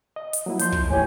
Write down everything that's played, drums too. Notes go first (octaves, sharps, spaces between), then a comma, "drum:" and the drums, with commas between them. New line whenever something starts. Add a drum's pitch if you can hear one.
D#5
drum: hi-hat
F#3 A#3 E4
F3 C6 G6, drum: hi-hat
drum: kick
A2 E3 G4 C#5 G#5